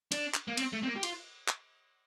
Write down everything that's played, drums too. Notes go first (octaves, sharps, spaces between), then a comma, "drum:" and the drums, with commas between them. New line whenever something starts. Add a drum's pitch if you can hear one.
D4, drum: cymbal
drum: clap
A#3
C4, drum: cymbal
A3
C4
A#3
G4
F4, drum: cymbal
drum: clap